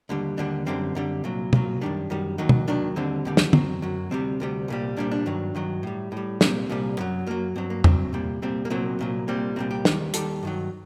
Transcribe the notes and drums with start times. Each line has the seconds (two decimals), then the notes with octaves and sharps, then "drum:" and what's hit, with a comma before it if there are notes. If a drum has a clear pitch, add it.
0.09 D#2 D3 G3
0.37 D#2 D3 G3 D4
0.66 F#2 D3 G3 C4
0.95 F#2 D3 G3
1.24 C2 A#2 F#3
1.53 C2 A#2 F#3, drum: tom
1.81 F#2 D#3 G3 D4
2.10 F#2 D#3 G3
2.38 D#2 D#3 F#3 D#4
2.49 drum: tom
2.68 D#2 D#3 F#3 D4
2.96 D#2 D3 G3 C4
3.25 D#2 D3 G3
3.37 drum: snare
3.53 F#2 F#3 C4, drum: tom
3.82 F#2 F#3
4.11 D2 C3 G3 C4
4.40 D2 C3 G3
4.68 C2 A#2 G3
4.97 C2 A#2 G3 D4
5.11 D4
5.26 G2 D#3 F#3
5.55 G2 D#3 F#3
5.83 A2 G3
6.12 A2 G3
6.41 C2 A#2 G3 C4, drum: snare
6.69 C2 A#2 G3
6.99 F#2 F#3
7.27 F#2 F#3 A#3
7.56 G2 F#3 C4
7.70 A#3
7.84 G2 F#3 C4, drum: tom E2
8.13 C2 A#2 G3
8.42 C2 A#2 G3 C4
8.65 A#3
8.70 C2 A#2 F#3 C4
8.99 C2 A#2 F#3
9.28 C2 A#2 G3 C4
9.56 C2 A#2 G3 C4
9.71 G4
9.85 D#2 D#3 G3, drum: snare
10.14 D#2 D#3 G3 A4, drum: hi-hat
10.43 G2 D#3 F#3